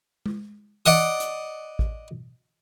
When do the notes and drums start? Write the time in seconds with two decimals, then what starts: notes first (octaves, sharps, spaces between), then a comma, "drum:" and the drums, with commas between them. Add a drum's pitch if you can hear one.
0.26 drum: tom G#3
0.86 D5 D#5 F#5 D#6
1.20 drum: hi-hat
1.79 drum: kick A1